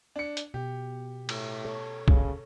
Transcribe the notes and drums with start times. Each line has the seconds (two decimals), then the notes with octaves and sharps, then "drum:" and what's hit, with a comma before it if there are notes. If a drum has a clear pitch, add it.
0.16 D4 C#7
0.37 drum: hi-hat
0.54 B2 G4
1.29 A2, drum: cymbal
1.65 A4 C#5
2.08 C#3, drum: kick